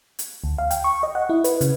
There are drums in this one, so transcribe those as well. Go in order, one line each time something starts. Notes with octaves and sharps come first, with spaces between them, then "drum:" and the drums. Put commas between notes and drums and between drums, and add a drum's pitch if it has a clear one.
drum: hi-hat
D2
F5
G5, drum: hi-hat
C#6
D#5
F#5
E4
B4, drum: hi-hat
C#3, drum: hi-hat